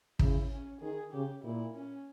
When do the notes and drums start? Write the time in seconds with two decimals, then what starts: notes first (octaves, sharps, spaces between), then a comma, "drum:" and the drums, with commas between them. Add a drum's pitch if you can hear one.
0.19 C#3 E4, drum: kick
0.51 C#4
0.81 D#3 G#4
1.13 C#3 G4
1.44 A#2 E4
1.74 C#4